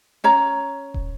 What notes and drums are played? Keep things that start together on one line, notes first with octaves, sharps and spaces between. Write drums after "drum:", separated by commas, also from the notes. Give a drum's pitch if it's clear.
C#4 C#5 A#5
drum: kick D#1